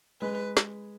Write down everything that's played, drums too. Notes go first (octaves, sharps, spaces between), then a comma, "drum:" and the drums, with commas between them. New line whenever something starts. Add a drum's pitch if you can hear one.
G#3 B4
drum: snare